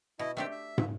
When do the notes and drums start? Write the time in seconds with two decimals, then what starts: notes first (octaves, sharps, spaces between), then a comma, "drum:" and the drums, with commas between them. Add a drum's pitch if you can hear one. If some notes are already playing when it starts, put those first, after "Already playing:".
0.19 B2 E4 D#5
0.37 D#3 A3 C4 D4 G4 E6
0.51 E5
0.78 drum: tom